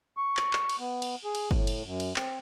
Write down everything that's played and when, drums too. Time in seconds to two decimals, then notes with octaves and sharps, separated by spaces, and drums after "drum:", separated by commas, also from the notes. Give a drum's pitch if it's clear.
0.17 C#6
0.37 drum: clap
0.53 drum: clap
0.69 drum: cymbal
0.79 B3
1.02 drum: cymbal
1.24 G#4
1.35 drum: cymbal
1.51 A2, drum: kick
1.67 drum: cymbal
1.85 F#2
2.00 drum: cymbal
2.16 C4, drum: clap